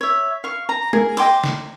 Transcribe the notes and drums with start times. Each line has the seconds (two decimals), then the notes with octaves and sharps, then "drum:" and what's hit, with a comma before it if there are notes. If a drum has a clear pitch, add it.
0.01 C#5 E5
0.44 F5 C#6
0.69 A#5
0.93 G#4 A#4, drum: tom G#3
1.17 D#5 G5 C6 D6, drum: cymbal
1.44 drum: snare